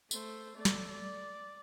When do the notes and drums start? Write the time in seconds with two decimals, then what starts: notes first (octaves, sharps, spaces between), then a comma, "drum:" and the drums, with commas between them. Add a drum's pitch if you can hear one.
0.11 A3 C5, drum: tambourine
0.56 A3 D5
0.65 drum: snare
0.89 D5